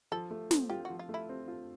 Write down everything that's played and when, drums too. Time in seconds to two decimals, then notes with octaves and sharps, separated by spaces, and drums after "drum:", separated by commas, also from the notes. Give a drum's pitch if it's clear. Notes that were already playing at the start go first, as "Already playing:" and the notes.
0.12 F3 A4
0.31 A3
0.51 C4, drum: snare
0.69 F4 G4
0.85 F#4
0.90 F3
0.99 F4
1.09 A3
1.14 E4
1.29 C4
1.48 F4